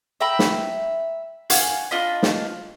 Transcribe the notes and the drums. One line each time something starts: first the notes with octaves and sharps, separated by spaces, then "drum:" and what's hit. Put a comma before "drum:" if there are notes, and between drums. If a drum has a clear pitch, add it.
E5 G5 A#5 B5
drum: snare
F5 F#5 G#5 C#6, drum: hi-hat
D4 F4 D#5 B5
drum: snare